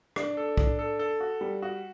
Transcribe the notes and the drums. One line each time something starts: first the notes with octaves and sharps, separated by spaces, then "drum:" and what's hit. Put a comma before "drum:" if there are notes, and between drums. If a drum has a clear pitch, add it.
D4, drum: rim click
A4
D4, drum: kick
A4
A4
F#4
G3
F#4